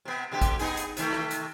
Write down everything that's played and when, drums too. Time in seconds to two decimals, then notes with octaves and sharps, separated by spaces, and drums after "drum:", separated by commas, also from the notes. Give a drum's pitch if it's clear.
0.05 C3 B3
0.32 B2 D3 G4
0.41 drum: kick, hi-hat
0.59 B3 D#4 G#4, drum: open hi-hat
0.77 drum: hi-hat
0.97 C3 D#3 A3, drum: hi-hat
1.13 drum: rim click
1.31 drum: hi-hat